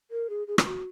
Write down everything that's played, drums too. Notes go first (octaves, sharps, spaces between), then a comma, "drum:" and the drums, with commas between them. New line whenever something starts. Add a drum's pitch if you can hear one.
A#4
G#4
G#4
F4, drum: rim click
F#4